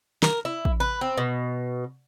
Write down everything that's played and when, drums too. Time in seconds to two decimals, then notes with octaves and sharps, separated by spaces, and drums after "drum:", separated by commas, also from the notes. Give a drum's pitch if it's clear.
0.23 A#4, drum: snare
0.45 E4
0.65 drum: kick
0.80 B4
1.01 C4
1.18 B2